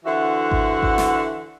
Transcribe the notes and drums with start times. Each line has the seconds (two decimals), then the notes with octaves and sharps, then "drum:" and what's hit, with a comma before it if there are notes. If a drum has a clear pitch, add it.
0.05 D3 E3 F#4 C5 E5 F#5
0.51 drum: kick G#1
0.82 drum: kick G#1
0.98 drum: snare